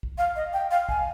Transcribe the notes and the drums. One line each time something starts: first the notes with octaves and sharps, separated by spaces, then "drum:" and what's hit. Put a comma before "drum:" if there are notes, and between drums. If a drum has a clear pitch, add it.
drum: kick
F5
D#5
G5
F5
G#5, drum: kick